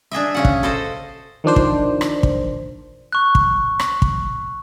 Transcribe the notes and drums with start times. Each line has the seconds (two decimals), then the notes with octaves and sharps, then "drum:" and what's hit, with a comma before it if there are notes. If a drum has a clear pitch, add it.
0.12 D4 G#4 D#5 E5
0.35 C#3 C#4 F#5
0.45 drum: kick
0.63 A4 C5 D#5 A5
1.44 D#3 F3 D4 C5
1.56 drum: kick
2.01 drum: rim click
2.23 drum: kick
3.12 C#6 F#6
3.35 drum: kick
3.79 drum: rim click
4.02 drum: kick